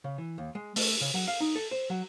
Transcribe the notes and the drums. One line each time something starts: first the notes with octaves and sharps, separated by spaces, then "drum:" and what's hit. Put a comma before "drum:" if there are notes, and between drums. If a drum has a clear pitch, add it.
C#3
E3
D#2
G#3
A3, drum: open hi-hat
C#3
F#3
F5
D#4
A4
C5
F#3